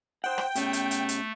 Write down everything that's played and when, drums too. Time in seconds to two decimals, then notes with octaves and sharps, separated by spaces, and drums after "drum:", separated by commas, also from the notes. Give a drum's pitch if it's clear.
0.24 C5 F#5 G5
0.38 drum: rim click
0.55 B2 A3 C#4, drum: hi-hat
0.73 drum: hi-hat
0.91 drum: hi-hat
1.09 drum: hi-hat